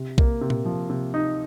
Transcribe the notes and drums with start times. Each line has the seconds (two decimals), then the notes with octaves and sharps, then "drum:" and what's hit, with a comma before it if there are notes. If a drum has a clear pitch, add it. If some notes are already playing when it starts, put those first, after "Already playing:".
Already playing: C3
0.18 A#3, drum: kick B1
0.41 C3
0.50 drum: tom A#2
0.66 F3
0.90 C3
1.14 D#4